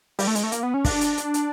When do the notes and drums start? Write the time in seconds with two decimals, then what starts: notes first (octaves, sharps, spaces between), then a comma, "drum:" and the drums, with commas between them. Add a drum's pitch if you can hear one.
0.19 G3, drum: open hi-hat
0.27 A3
0.35 G#3, drum: hi-hat
0.43 A3
0.52 A#3, drum: hi-hat
0.63 B3
0.74 C#4
0.85 D4, drum: kick, open hi-hat
1.01 drum: hi-hat
1.17 drum: hi-hat
1.34 drum: hi-hat